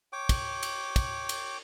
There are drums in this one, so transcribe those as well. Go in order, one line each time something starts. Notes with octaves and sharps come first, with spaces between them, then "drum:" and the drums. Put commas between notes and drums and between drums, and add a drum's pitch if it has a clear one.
C#5 G5 D6
drum: kick, cymbal
drum: cymbal
drum: kick, cymbal
drum: cymbal